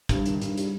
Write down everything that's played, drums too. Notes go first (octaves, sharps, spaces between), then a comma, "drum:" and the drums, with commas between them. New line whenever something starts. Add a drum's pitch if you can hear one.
G2, drum: kick, hi-hat
D#3, drum: hi-hat
G2, drum: hi-hat
G3, drum: hi-hat